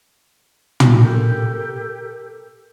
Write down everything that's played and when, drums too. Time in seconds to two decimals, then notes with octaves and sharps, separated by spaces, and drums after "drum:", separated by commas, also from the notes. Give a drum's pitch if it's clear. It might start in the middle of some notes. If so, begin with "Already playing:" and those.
0.80 drum: tom
1.01 G4 A4 A#4